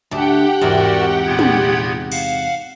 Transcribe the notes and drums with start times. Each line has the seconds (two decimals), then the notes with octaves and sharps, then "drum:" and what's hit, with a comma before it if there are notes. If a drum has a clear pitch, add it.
0.11 D2 D4 G4 F#5 G5
0.61 E2 G#2 C3 F#4 A#4 D5
1.26 A#2 B3 G#6
1.39 drum: tom
2.12 F5 F#5, drum: cymbal